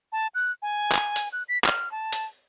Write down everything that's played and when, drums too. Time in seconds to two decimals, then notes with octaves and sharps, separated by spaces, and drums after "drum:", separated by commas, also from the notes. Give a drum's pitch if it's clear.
0.12 A5
0.35 F#6
0.62 G#5
0.92 drum: clap
1.16 drum: hi-hat
1.33 F#6
1.49 B6
1.64 F6, drum: clap
1.92 A5
2.13 drum: hi-hat